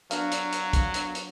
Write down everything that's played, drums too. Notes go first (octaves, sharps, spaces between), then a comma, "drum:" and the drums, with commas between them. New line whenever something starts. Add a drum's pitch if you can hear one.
F#3 B3 D4 A#4 F5, drum: hi-hat
drum: hi-hat
drum: hi-hat
drum: kick, hi-hat
drum: hi-hat
drum: hi-hat